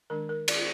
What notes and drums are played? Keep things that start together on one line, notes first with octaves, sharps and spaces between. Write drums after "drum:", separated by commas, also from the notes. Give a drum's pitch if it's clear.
D#3 G#3 D4 A#4
A#4
D5, drum: cymbal